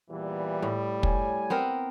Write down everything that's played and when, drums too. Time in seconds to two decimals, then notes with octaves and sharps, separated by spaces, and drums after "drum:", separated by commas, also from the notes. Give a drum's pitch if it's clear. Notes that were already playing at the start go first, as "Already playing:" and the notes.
0.11 E2 A#2 E3 G3
0.62 A2
1.03 C#5 G5 G#5, drum: kick
1.50 B3 C4 A#4